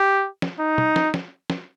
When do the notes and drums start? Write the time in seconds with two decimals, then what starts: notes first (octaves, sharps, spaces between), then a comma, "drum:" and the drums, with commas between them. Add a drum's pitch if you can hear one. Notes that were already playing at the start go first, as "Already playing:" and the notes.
Already playing: G4
0.42 drum: snare
0.60 D#4
0.78 drum: tom
0.96 drum: snare
1.14 drum: snare
1.50 drum: snare